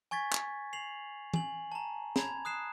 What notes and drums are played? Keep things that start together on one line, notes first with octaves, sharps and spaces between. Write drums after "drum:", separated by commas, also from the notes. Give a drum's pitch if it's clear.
G#5 C#6 G#6 A6 B6
drum: clap
C7 F7 F#7
G#5 F#7, drum: tom E3
A5 A#5
A#5 B5 G#6, drum: snare
D#6 F#6 C7 E7